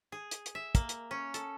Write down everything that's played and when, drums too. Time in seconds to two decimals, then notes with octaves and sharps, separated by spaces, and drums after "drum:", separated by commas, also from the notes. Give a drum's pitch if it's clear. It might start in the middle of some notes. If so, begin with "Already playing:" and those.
0.12 G#4
0.31 drum: hi-hat
0.46 drum: hi-hat
0.55 E5
0.75 A#3, drum: kick, hi-hat
0.89 drum: hi-hat
1.11 C#4
1.34 A4, drum: hi-hat